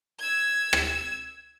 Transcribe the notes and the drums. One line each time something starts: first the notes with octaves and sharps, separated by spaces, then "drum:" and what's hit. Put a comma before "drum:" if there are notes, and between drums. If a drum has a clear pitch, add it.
E6 G#6
drum: rim click